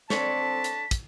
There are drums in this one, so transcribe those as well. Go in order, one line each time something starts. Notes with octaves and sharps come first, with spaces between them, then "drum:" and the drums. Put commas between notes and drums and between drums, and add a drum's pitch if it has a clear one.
C4 D4 A4 C#5 A5 B6, drum: snare
drum: hi-hat
drum: kick, hi-hat